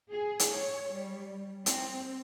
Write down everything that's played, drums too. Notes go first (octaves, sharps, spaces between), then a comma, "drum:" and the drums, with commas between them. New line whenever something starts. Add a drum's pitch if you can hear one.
G#4
drum: hi-hat
C#5
G3
C4, drum: hi-hat